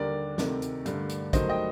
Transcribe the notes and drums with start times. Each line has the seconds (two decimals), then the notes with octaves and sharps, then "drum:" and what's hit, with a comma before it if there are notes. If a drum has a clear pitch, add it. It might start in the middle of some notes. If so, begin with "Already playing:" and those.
Already playing: D#2 D3 G3 A#4 D5
0.38 D2 C3 D#3 A3, drum: snare
0.62 drum: hi-hat
0.86 G2 D3 A3, drum: hi-hat
1.09 drum: hi-hat
1.33 G2 D#3 F#3 A3 C5 D#5, drum: kick, hi-hat
1.49 D#5 G5